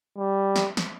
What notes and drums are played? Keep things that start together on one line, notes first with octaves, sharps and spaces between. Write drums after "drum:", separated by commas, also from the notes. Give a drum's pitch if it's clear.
G3
drum: snare
drum: snare